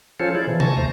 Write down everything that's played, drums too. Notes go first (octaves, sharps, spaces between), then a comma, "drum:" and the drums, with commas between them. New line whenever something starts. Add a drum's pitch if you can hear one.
F3 C#4 F4 A4 C5 C#5
E4 G#4 D5
B2 E3 F3
G#5 A5 C#6 A6 A#6, drum: tom C3
D#2 A3 C5 A#5 A#6